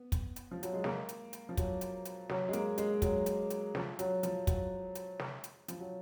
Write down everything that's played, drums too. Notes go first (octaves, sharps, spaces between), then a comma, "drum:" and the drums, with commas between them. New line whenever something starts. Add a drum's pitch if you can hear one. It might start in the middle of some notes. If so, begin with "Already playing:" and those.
Already playing: B3
drum: kick, hi-hat
drum: hi-hat
F3
F#3, drum: hi-hat
G#3
A#3, drum: snare
drum: hi-hat
drum: hi-hat
F3
F#3, drum: kick, hi-hat
drum: hi-hat
drum: hi-hat
F#3, drum: snare
G#3
A#3, drum: hi-hat
G#3, drum: hi-hat
F#3, drum: kick, hi-hat
drum: hi-hat
drum: hi-hat
F3, drum: snare
F#3, drum: hi-hat
F3, drum: hi-hat
F#3, drum: kick, hi-hat
drum: hi-hat
drum: snare
drum: hi-hat
F3, drum: hi-hat
F#3